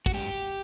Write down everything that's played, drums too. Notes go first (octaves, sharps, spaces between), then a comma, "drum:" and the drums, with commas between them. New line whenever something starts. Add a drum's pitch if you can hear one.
F#4, drum: kick
G#2 G4